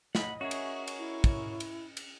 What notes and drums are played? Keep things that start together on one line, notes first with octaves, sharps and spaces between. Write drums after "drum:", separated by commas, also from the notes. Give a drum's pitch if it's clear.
D#5 F#5 B5, drum: snare
C#4 F#4 G#4 A#4 C#5 E5
drum: cymbal
drum: cymbal
E4
drum: kick, cymbal
drum: cymbal
drum: cymbal